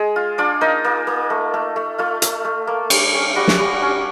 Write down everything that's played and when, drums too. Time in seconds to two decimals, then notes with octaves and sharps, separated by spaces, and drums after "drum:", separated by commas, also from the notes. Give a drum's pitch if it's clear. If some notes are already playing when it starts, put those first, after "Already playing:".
Already playing: G#3 G#4
0.16 F4
0.38 D4 F4 D5
0.61 A#3 D#4 D#5
0.84 A#3
1.07 A#3
1.30 A3
1.54 A3
1.76 A3
1.98 A3 F4 F5
2.22 A3, drum: hi-hat
2.45 A3
2.67 A#3
2.90 G3, drum: cymbal
3.13 C#4
3.36 G3 F#4 F#5
3.48 drum: snare
3.59 G3
3.82 C#4